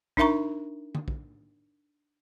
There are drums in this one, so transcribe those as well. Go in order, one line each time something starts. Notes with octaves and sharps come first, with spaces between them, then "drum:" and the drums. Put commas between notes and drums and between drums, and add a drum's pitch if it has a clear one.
D4 D#4 A#4 E5 A#5 C#6, drum: kick
drum: tom D3
drum: kick